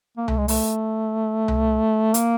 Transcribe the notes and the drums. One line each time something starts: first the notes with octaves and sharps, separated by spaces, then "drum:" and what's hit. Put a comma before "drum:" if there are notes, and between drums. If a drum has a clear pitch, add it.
A#3
A3, drum: tom C2
G#3
A3, drum: open hi-hat
drum: tom C2
A#3, drum: hi-hat